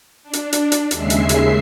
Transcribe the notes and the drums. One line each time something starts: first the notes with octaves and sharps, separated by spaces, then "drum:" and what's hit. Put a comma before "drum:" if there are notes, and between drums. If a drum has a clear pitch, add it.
D4
drum: hi-hat
drum: hi-hat
drum: hi-hat
D#2 C#3 G#3 E5 C7, drum: hi-hat
drum: hi-hat
drum: hi-hat